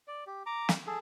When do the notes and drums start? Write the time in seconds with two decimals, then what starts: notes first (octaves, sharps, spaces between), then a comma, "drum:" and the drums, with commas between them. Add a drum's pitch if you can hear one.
0.08 D5
0.27 G4
0.46 A#5 D6
0.69 drum: snare
0.87 G#4 A4